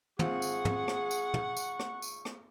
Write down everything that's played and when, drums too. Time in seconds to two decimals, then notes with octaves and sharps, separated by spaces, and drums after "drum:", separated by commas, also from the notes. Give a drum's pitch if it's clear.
0.19 G#1 C4 F4 G#4 F#5 C#6, drum: tom
0.42 drum: tambourine
0.65 drum: tom
0.88 drum: rim click
1.11 drum: tambourine
1.34 drum: tom
1.57 drum: tambourine
1.79 drum: rim click
2.02 drum: tambourine
2.25 drum: rim click